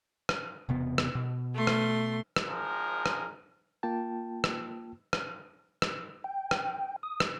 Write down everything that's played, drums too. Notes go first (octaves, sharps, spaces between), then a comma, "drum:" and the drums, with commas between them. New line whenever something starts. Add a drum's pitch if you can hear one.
drum: rim click
E1 C3 B3
drum: rim click
B2
A3 C6
drum: rim click
drum: rim click
G#1 F3 G#3 A#4
drum: rim click
A#3 F4 G5 A5
drum: rim click
drum: rim click
drum: rim click
G5
drum: rim click
D#6
drum: rim click